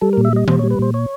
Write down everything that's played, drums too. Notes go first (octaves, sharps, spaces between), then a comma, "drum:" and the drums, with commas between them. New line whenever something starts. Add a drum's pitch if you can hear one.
G3 A4
A#4
A#2
E5
G3 D#5
A#2 C5, drum: tom D#3
C#5
G3
B4
A#2 C5
C#5